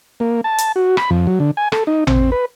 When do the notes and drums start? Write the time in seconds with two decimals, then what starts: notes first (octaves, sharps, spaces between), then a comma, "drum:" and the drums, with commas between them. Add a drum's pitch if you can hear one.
0.20 A#3
0.44 A5
0.58 drum: hi-hat
0.76 F#4
0.97 B5, drum: rim click
1.10 F2
1.27 F#3
1.40 D3
1.57 G#5
1.72 A4, drum: rim click
1.87 D#4
2.07 C4, drum: tom A1
2.32 B4